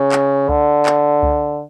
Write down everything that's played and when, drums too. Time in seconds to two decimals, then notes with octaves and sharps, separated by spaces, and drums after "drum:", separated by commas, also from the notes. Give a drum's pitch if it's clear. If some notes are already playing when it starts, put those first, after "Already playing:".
Already playing: C#3
0.12 drum: clap
0.49 D3, drum: kick C#2
0.86 drum: clap
1.23 drum: kick C#2